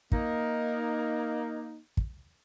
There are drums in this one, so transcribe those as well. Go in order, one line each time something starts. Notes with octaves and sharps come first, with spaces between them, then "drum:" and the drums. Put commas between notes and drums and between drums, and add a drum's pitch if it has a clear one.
A#3 D#4, drum: kick
drum: kick